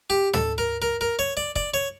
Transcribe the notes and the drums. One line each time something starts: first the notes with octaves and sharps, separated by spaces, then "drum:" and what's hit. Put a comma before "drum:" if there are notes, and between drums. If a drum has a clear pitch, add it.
G4
A4, drum: tom
A#4
A#4
A#4
C#5
D5
D5, drum: kick
C#5